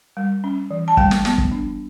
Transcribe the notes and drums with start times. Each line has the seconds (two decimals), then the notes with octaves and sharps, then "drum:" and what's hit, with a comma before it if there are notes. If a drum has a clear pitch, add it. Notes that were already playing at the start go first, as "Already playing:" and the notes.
0.17 G3
0.44 C#4
0.71 E3
0.88 A5
0.97 G3 G5, drum: kick
1.11 drum: snare
1.25 B3, drum: snare
1.38 drum: kick
1.52 D4